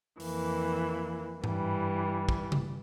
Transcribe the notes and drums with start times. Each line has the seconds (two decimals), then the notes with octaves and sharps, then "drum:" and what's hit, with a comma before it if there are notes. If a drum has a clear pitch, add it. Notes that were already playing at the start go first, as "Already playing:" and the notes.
0.20 F2 E3 A#3, drum: open hi-hat
1.44 G2 E3 G3, drum: tom G#2
2.29 drum: kick
2.52 drum: tom C3